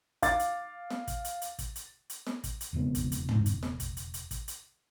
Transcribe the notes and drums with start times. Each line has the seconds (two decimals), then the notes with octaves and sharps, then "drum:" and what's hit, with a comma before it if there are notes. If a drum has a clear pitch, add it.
0.22 F5 D6 A6, drum: kick, hi-hat
0.39 drum: hi-hat
0.90 drum: snare
1.08 drum: kick, hi-hat
1.25 drum: hi-hat
1.42 drum: hi-hat
1.59 drum: kick, hi-hat
1.76 drum: hi-hat
2.10 drum: hi-hat
2.27 drum: snare
2.44 drum: kick, hi-hat
2.61 drum: hi-hat
2.73 E1 F2 C#3 B3
2.95 drum: kick, hi-hat
3.12 drum: hi-hat
3.29 drum: tom
3.46 drum: hi-hat
3.63 drum: snare
3.80 drum: kick, hi-hat
3.97 drum: hi-hat
4.14 drum: hi-hat
4.31 drum: kick, hi-hat
4.48 drum: hi-hat